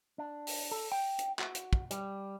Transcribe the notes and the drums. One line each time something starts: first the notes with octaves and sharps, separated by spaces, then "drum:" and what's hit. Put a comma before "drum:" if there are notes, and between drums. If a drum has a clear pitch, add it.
D4
drum: open hi-hat
A4
G5
drum: hi-hat
F#4, drum: clap
drum: hi-hat
drum: kick
G3, drum: hi-hat